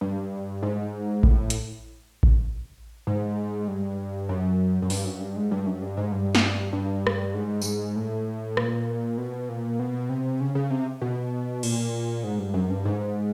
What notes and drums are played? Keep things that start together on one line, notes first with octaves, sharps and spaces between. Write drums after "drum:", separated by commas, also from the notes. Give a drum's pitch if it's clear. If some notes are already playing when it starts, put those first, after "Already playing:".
G2
G#2
A2, drum: kick A1
drum: hi-hat
drum: kick A1
G#2
G2
F#2
F#2
G2, drum: open hi-hat
F#2
G2
G#2
G2
F#2
G2
G#2
G2
drum: snare
G2
drum: rim click
G#2
G2, drum: tambourine
G#2
A2
A#2, drum: rim click
B2
A#2
B2
C3
C#3
C#3
C3
B2
A#2, drum: cymbal
G#2
G2
F#2
G2
G#2